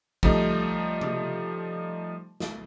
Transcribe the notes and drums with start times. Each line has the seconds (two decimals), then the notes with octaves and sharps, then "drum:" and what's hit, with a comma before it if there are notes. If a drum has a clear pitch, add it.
0.23 F3 G3 A3 D#4, drum: kick
1.01 drum: tom C3
2.40 drum: snare